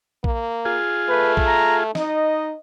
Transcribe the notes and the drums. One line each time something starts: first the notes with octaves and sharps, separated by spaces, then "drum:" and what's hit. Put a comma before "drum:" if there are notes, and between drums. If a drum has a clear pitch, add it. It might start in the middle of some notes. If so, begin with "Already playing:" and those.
A#3, drum: kick A#1
F4 G#4
A3 B4
drum: kick A#1
A#5
D#4 D#5, drum: snare